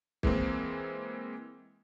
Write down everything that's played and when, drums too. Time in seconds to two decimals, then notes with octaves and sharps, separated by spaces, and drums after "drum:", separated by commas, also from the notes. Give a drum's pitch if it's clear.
0.23 E3 G#3 A#3 C4, drum: kick